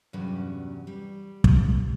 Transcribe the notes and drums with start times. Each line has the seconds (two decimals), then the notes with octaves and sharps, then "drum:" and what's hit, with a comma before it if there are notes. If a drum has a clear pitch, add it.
0.13 E2 G2 C3 F#3 C#4
0.87 G3
1.44 drum: kick